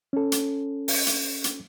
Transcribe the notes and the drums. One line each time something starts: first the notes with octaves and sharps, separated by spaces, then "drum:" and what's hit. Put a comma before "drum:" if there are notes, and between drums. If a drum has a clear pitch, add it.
C#4 A4
drum: hi-hat
drum: open hi-hat
drum: hi-hat
drum: hi-hat